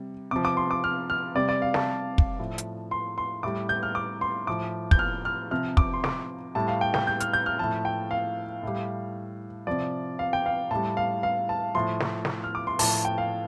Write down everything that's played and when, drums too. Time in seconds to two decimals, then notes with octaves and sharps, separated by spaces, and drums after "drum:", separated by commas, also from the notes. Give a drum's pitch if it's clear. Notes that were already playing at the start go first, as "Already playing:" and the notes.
Already playing: C3 G3
0.31 C3 F3 D6
0.45 D6
0.57 C6
0.71 D6
0.84 F6
1.10 F6
1.35 C3 G3 D5
1.49 D5
1.62 F5
1.74 A5, drum: snare
2.18 drum: kick
2.39 A2 F3
2.58 drum: hi-hat
2.91 C6
3.18 C6
3.43 A2 G3 D6
3.69 G6
3.83 F6
3.95 D6
4.21 C6
4.47 A2 F3 D6
4.91 G6, drum: kick
4.99 F6
5.25 F6
5.51 C3 F3 F6
5.77 D6, drum: kick
5.93 C6
6.04 D6, drum: snare
6.55 A2 G3 A5
6.68 F5
6.81 G5
6.94 G5, drum: snare
7.07 G6
7.20 F6, drum: hi-hat
7.33 G6
7.46 F6
7.59 A2 F3 A5
7.85 G5
8.11 F5
8.63 A2 G3
9.67 C3 F3 D5
10.19 F5
10.33 G5
10.46 F5
10.71 A2 G3 A5
10.97 F5
11.23 F5
11.49 A5
11.75 A2 F3 C6
12.00 drum: snare
12.25 drum: snare
12.44 F6
12.55 D6
12.67 C6
12.79 A2 F3 A5, drum: open hi-hat
13.05 G5
13.18 F5